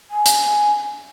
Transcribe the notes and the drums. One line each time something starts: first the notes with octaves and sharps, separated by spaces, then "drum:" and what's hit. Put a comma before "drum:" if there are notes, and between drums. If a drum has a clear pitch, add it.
G#5
drum: hi-hat